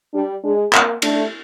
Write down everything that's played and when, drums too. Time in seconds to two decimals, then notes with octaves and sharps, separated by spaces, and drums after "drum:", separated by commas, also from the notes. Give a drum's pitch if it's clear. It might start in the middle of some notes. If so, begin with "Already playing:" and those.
0.13 G3 D4
0.44 G#3 D4
0.73 A#3, drum: clap
1.02 A3 D4, drum: cymbal